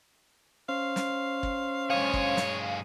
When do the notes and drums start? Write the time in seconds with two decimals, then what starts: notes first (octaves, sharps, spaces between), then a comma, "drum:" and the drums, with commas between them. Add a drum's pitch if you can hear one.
0.69 C#4 C5 F5
0.96 drum: snare
1.43 drum: kick
1.90 G2 G#4 C#5 F5
2.13 drum: kick
2.37 drum: snare